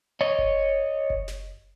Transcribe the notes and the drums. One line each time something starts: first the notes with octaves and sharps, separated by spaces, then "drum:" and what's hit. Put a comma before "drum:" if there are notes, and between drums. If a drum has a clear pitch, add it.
C#5 D#5
drum: kick F#1
drum: kick F#1
drum: snare